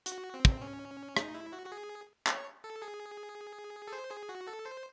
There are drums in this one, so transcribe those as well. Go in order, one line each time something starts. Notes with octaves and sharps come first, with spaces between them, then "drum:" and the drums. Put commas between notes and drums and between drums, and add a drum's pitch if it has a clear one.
F#4, drum: hi-hat
C4
drum: kick
C#4
D#4, drum: rim click
E4
F#4
F#4
G#4
C#5, drum: clap
A4
G#4
A4
C5
G#4
F#4
A4
C5